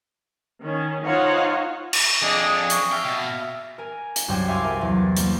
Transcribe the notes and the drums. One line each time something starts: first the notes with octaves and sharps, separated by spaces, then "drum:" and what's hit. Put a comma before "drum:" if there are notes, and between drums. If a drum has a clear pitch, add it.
D#3 C#4
D#4 F4 C5 C#5 F5 F#5
drum: cymbal
F2 D4 G#4 D#5 D6
D#6
C#6, drum: hi-hat
E5 F5 G5
B2
A#4 G#5
drum: hi-hat
C2 F#2 D5 G5 G#6 E7
E5 F5 G#5 C6 D6
A4 A#4 E5
E2 F#3 A6
G3 A#3, drum: hi-hat